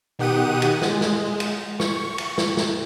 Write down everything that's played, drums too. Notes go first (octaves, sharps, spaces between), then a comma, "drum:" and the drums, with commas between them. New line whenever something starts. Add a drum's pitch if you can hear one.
B2 D#3 G4 F#5 D#6 D#7
drum: cymbal
G#3, drum: snare
drum: snare
drum: cymbal
C#6, drum: snare
drum: cymbal
drum: snare
drum: snare